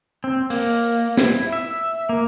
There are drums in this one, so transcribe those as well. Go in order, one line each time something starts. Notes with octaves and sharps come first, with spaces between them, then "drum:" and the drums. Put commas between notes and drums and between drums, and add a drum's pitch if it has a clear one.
C4
A#3, drum: open hi-hat
E4, drum: snare
E5
A#3